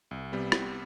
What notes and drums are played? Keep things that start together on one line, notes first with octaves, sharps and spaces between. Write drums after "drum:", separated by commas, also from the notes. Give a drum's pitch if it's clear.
C2
C3 G3 B3
C2, drum: rim click